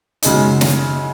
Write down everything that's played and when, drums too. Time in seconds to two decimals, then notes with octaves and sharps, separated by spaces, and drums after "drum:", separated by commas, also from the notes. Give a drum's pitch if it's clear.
0.23 F#2 C#3 G#3 D#4, drum: hi-hat
0.61 drum: snare